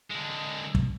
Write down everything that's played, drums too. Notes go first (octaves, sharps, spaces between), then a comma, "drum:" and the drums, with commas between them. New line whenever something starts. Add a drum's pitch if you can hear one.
D3 G#3
drum: kick